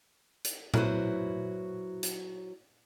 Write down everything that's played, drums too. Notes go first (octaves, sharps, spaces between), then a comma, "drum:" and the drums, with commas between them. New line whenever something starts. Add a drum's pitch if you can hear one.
drum: hi-hat
F#3 E4 F#4 B4 C5, drum: tom A#2
drum: hi-hat